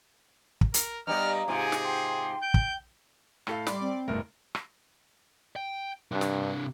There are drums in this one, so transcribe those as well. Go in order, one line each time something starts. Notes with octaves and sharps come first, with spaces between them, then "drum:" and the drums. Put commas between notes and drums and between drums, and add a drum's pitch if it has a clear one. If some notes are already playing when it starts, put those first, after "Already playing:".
drum: kick
A#4, drum: hi-hat
G2 G3 B3 D#5 A#5 F6
G#2 C3 F4 G#4 G#5
drum: snare
G5 C6
G6 D7
drum: kick
A2 A4 F5, drum: rim click
G3 D5 B5 C6 D6, drum: snare
C4
F#1 G2 B2 A3 A#4
drum: rim click
G5
G2 C3 D4
drum: snare